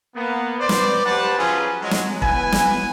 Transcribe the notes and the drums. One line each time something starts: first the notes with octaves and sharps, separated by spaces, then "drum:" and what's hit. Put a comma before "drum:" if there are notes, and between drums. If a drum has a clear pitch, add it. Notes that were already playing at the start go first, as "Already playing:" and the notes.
A#3 B3
B4 C5 D5
drum: snare
G4 B4 C5 F#5 A5
F3 F#3 C#4 F4 G#4 B4
F#3 G#3
drum: snare
B3 E4 B4 G#5, drum: kick
drum: snare